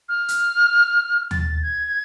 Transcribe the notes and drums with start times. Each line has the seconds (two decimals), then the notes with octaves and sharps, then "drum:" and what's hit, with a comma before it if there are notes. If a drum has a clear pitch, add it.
0.09 F6
0.28 drum: hi-hat
1.31 A6, drum: tom D#2
1.62 G#6